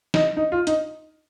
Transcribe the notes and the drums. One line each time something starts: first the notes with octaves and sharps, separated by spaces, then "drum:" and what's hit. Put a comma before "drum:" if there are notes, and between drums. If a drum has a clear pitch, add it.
D#4, drum: snare
D#4
F4
D#4, drum: hi-hat